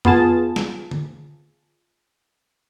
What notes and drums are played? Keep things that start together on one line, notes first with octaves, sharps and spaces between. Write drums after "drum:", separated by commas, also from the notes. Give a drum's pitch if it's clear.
B3 F4 G#4 A5, drum: tom F2
drum: snare
drum: tom D3